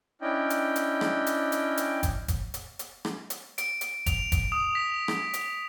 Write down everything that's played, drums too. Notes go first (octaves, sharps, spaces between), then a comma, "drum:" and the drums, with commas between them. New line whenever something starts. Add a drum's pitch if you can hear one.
C#4 D4 E4 D#5 G5
drum: hi-hat
drum: hi-hat
drum: rim click
drum: hi-hat
drum: hi-hat
drum: hi-hat
drum: kick, hi-hat
drum: kick, hi-hat
drum: hi-hat
drum: hi-hat
drum: rim click
drum: hi-hat
D7, drum: hi-hat
drum: hi-hat
F7, drum: kick, hi-hat
drum: kick, hi-hat
D#6
B6
drum: rim click
drum: hi-hat